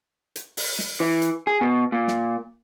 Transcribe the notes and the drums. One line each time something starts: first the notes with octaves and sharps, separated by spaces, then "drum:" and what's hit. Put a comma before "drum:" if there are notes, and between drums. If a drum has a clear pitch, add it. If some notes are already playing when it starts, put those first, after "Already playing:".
drum: hi-hat
drum: open hi-hat
drum: snare
E3
drum: hi-hat
G#4
B2
A#2
drum: snare